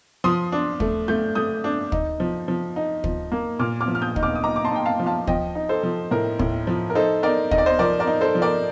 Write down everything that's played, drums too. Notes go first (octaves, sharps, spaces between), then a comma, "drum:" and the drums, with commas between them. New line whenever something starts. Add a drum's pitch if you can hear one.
F3 C6 D#6
D4
A3, drum: kick
A3 G6
A3 D#6 G6
D4
D#4, drum: kick
F3
F3
D#4
F3, drum: kick
A#3
A#2 D6 F6
D6 F6
F3
F6
D#6 G6
D#4, drum: kick
D6 F6
D#6
D#4 A#5 D6
D6
A5 C6
D#4 G5
F5 A5
F3
F5 A5
F3 D#5 G5, drum: kick
D#4
A4 C5
F3
A2 A#4
A2, drum: kick
F3
A#4
D#4 A4 C5
D#4 A#4 D5
D#4 D#5, drum: kick
D5
C5 D#5
F3 A#4 D5
A#4 D5
D#4
A4 C5
F3
A#4 D5